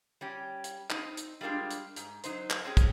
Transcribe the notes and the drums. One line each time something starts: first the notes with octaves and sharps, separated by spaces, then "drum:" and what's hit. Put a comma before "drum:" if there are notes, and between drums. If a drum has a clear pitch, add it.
G3 C#4 G4
drum: hi-hat
C4 D#4, drum: clap
drum: hi-hat
G3 G#3 A#3 D4 F4 G4
drum: hi-hat
G#2, drum: hi-hat
F#3 D#4 C5, drum: hi-hat
drum: clap
C4 C#4 G4 G#4
drum: kick, hi-hat